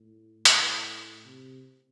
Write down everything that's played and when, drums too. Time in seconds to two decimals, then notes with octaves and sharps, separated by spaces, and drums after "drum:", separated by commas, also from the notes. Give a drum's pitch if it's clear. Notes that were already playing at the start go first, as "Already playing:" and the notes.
Already playing: A2
0.45 A2, drum: hi-hat
1.25 C3